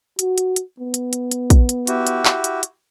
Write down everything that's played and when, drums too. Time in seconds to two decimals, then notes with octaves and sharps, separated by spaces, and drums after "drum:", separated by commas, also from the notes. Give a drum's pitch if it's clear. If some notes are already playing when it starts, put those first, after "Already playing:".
0.19 F#4, drum: hi-hat
0.38 drum: hi-hat
0.56 drum: hi-hat
0.80 B3
0.94 drum: hi-hat
1.13 drum: hi-hat
1.31 drum: hi-hat
1.50 drum: kick, hi-hat
1.69 drum: hi-hat
1.87 E4 F#4 G4, drum: hi-hat
2.07 drum: hi-hat
2.25 drum: clap
2.44 drum: hi-hat
2.63 drum: hi-hat